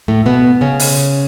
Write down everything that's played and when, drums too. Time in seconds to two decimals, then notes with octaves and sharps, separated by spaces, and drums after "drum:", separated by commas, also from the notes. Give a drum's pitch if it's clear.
0.08 A2 A3
0.26 B2 B3
0.61 C#3 C#4
0.80 drum: open hi-hat